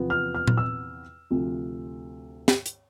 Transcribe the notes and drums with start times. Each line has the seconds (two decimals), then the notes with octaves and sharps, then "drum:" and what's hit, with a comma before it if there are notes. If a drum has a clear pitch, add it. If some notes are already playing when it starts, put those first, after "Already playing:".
Already playing: E2 C3 F3 B3
0.10 F6
0.35 F6
0.48 drum: tom A#2
0.58 E6
1.30 D2 C3 F3
2.48 drum: snare
2.66 drum: hi-hat